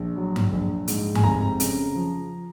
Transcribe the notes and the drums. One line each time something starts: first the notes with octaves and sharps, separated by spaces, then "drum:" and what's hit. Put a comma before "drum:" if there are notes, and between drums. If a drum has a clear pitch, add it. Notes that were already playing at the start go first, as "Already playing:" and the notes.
Already playing: A#1
F#3
drum: tom G2
A#1
G#2, drum: hi-hat
G#5, drum: tom G2
F1 A#5
C#3, drum: hi-hat
F3